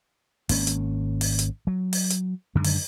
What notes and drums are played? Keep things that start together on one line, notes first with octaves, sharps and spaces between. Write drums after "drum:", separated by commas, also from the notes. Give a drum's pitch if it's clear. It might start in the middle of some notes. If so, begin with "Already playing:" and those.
G#1 A#3 C#4, drum: open hi-hat
drum: hi-hat
drum: open hi-hat
drum: hi-hat
F#3
drum: open hi-hat
drum: hi-hat
F#2 D3 D#3 G#3
drum: open hi-hat